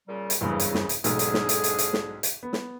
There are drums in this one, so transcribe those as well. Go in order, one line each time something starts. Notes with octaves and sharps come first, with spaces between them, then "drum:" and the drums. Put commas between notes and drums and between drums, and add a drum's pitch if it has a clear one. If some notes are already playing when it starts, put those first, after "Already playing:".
A#2 C#3 G3
drum: hi-hat
F#1 E2 G2 C#3
drum: hi-hat
drum: snare
drum: hi-hat
B1 F2 G#2 D3 G#4, drum: hi-hat
drum: hi-hat
drum: snare
drum: hi-hat
drum: hi-hat
drum: hi-hat
drum: snare
drum: hi-hat
B3
drum: snare